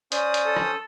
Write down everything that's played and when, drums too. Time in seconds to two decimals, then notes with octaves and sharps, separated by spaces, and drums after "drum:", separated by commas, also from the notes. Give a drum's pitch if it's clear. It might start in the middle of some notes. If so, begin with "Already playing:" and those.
0.12 C#4 C5 D5 D#6, drum: hi-hat
0.34 drum: hi-hat
0.46 A4
0.56 drum: rim click